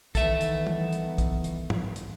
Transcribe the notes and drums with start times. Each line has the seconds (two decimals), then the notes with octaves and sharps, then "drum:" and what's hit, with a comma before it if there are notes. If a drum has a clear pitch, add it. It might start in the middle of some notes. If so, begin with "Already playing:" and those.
0.15 D#3 E3 B3 A4 E5, drum: kick B1, hi-hat
0.41 drum: hi-hat
0.67 drum: tom
0.93 drum: hi-hat
1.18 drum: kick B1, hi-hat
1.44 drum: hi-hat
1.70 drum: tom
1.96 drum: hi-hat